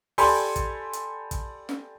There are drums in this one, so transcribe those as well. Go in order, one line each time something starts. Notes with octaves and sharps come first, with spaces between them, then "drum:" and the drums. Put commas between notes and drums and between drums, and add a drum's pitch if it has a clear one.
G4 A4 D5 G#5 B5 C6, drum: open hi-hat
drum: kick, hi-hat
drum: hi-hat
drum: kick, hi-hat
drum: snare